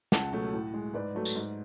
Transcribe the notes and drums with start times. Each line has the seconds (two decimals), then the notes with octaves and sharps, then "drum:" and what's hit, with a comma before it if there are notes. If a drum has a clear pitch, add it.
0.12 C#2 F#5 A5, drum: snare
0.33 B2 F#3 A3
0.53 A2
0.74 G#3
0.94 G#2 B4 D5
1.15 F#3 A3
1.25 drum: tambourine
1.35 G#2